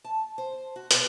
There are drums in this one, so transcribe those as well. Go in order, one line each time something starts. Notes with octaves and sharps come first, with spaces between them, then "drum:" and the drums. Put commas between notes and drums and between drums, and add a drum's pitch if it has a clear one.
A5
C5
F#4
B2, drum: hi-hat